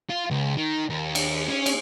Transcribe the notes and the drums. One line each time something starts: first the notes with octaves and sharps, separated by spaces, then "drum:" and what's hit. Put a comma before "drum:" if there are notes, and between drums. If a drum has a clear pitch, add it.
F4
C#2
D#3
D#2
drum: cymbal
C#4
drum: cymbal